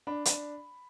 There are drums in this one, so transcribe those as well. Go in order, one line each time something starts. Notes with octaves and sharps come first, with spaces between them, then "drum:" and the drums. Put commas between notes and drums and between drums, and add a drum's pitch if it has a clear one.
D4 B5
D4, drum: hi-hat